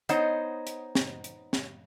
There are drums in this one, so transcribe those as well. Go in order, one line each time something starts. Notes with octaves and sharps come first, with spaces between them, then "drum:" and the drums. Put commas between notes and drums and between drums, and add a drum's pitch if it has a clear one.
B3 D#4 C5 C#5 D#5 F#5, drum: hi-hat
drum: hi-hat
drum: snare
drum: hi-hat
drum: snare